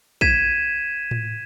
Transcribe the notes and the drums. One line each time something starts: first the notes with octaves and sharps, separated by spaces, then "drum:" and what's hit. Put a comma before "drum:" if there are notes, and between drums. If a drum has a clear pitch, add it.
G#6 B6 D#7 E7, drum: kick
drum: tom A2